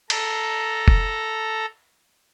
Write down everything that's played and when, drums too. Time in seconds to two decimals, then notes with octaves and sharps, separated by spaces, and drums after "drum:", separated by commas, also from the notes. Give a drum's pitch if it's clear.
0.10 A4 A#5, drum: cymbal
0.88 drum: kick